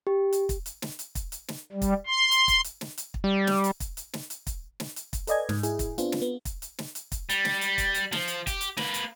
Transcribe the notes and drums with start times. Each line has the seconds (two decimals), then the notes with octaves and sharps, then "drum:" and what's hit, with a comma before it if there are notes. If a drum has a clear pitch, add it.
0.07 G4
0.33 drum: hi-hat
0.49 drum: kick, hi-hat
0.66 drum: hi-hat
0.82 drum: snare
0.99 drum: hi-hat
1.15 drum: kick, hi-hat
1.32 drum: hi-hat
1.48 drum: snare
1.72 G3
1.82 drum: kick, hi-hat
2.07 C6
2.31 drum: hi-hat
2.48 drum: kick, hi-hat
2.64 drum: hi-hat
2.81 drum: snare
2.98 drum: hi-hat
3.14 drum: kick
3.24 G3
3.47 drum: snare
3.64 drum: hi-hat
3.80 drum: kick, hi-hat
3.97 drum: hi-hat
4.13 drum: snare
4.30 drum: hi-hat
4.47 drum: kick, hi-hat
4.80 drum: snare
4.96 drum: hi-hat
5.13 drum: kick, hi-hat
5.27 A4 B4 D5 D#5 G#5 G#6, drum: hi-hat
5.49 G#2, drum: snare
5.63 E4 G#4, drum: hi-hat
5.79 drum: kick, hi-hat
5.98 B3 C4 D4 F4, drum: hi-hat
6.12 drum: snare
6.22 B3
6.45 drum: kick, hi-hat
6.62 drum: hi-hat
6.79 drum: snare
6.95 drum: hi-hat
7.12 drum: kick, hi-hat
7.29 G3, drum: hi-hat
7.45 drum: snare
7.61 drum: hi-hat
7.78 drum: kick, hi-hat
7.94 drum: hi-hat
8.12 F3, drum: snare
8.28 drum: hi-hat
8.47 G4, drum: kick, hi-hat
8.61 drum: hi-hat
8.77 A#3 B4, drum: snare
8.94 drum: hi-hat